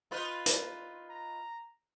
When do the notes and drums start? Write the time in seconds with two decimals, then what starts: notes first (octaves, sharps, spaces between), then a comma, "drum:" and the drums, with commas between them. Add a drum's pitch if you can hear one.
0.11 D#4 F4 B4
0.46 drum: hi-hat
1.10 A#5